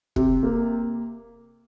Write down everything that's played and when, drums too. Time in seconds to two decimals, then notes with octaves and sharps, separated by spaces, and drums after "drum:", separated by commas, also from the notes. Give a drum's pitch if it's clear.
0.16 C3, drum: kick
0.43 A#3